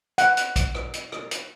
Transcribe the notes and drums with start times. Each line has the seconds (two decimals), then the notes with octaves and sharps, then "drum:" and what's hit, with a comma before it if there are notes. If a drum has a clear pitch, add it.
0.18 F#5, drum: hi-hat
0.37 drum: hi-hat
0.56 drum: kick A#1, hi-hat
0.75 drum: rim click
0.93 drum: hi-hat
1.12 drum: rim click
1.31 drum: hi-hat